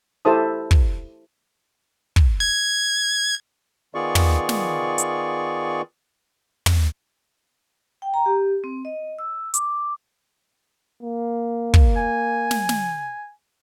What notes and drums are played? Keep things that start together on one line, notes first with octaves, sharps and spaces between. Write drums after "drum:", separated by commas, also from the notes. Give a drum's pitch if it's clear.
E4 G4 A4 C5 A5 D#6
drum: kick
drum: kick
G#6
D#3 B3 F4 G#4 D5 C#6
drum: tom
drum: snare
drum: hi-hat
drum: tom
G5
A#5
G4
C4
D#5
E6
D6, drum: hi-hat
A#3
drum: kick
G#5
drum: snare
drum: snare